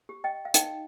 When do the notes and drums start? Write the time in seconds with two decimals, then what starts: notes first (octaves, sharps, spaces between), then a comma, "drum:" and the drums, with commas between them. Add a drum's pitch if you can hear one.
0.09 G4
0.24 D#5 G5
0.45 F5
0.54 D#4 D#5 G5, drum: hi-hat